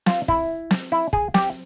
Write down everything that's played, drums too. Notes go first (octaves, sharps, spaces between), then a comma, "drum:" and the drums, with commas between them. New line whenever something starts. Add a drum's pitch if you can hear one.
F4, drum: snare
E4, drum: kick
drum: snare
E4
G#4, drum: kick
G4, drum: snare